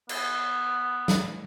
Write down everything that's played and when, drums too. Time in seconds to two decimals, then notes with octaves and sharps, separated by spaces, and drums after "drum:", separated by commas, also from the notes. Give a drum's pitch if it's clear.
0.09 B3, drum: cymbal
1.08 drum: snare